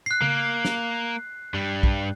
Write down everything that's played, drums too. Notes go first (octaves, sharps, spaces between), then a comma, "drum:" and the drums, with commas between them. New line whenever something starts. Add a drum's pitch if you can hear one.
F#6 C7
A#3, drum: tom C#3
drum: snare
G2 G3
drum: kick